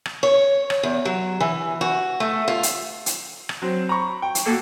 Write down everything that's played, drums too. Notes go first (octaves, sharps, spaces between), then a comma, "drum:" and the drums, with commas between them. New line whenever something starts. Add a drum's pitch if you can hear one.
drum: rim click
C#5
drum: rim click
E2
F#3
E3
F#4
A3
F4
drum: hi-hat
drum: hi-hat
drum: rim click
F#3 C4
A#5 B5 C#6
G5
drum: hi-hat
A#3 F#4 A4